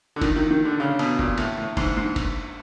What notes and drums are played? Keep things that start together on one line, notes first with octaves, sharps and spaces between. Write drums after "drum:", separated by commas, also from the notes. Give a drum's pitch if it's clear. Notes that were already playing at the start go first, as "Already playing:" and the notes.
D3
D#3, drum: kick F#1, cymbal
D#3
D#3
D3
C#3
B2, drum: cymbal
A#2, drum: kick F#1
A2, drum: cymbal
A2
G#2, drum: kick F#1, cymbal
G#2
drum: kick F#1, cymbal